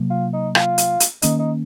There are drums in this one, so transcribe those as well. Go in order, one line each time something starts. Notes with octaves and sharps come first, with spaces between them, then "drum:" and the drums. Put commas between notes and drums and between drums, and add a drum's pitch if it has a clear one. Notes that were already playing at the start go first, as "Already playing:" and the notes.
Already playing: C3 F#3 A#3
F4
D#4
F4, drum: rim click
drum: hi-hat
drum: hi-hat
D#3 A#3 C#4 D#4, drum: hi-hat
D#4